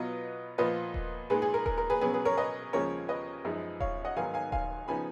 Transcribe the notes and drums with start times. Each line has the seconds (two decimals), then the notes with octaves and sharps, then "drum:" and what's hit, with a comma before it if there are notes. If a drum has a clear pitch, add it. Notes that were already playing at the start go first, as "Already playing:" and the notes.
Already playing: B2 F#3 B3 F4 B4 D#5
0.58 A#2 F3 B3 F4 B4 D#5
0.94 drum: kick D#1
1.30 A#2 G#3 D#4 G#4 B4
1.42 G#4
1.54 A#4
1.66 A#4, drum: kick D#1
1.78 A#4
1.90 G#4 B4
2.01 B2 F#3 C#4 G#4 B4
2.13 G#4 B4
2.25 A#4 C#5
2.37 B4 D#5
2.73 D#2 C#3 F3 G#3 C#4 A#4 C#5
3.08 B4 D#5
3.45 F#2 F3 G#3 D#4
3.80 C#5 F5, drum: kick D#1
4.05 D#5 F#5
4.16 G#2 D#3 F#3 B3 D#4 F5 G#5
4.34 F5 G#5
4.52 F5 G#5, drum: kick D#1
4.88 C#3 F3 B3 D#4 G#5 B5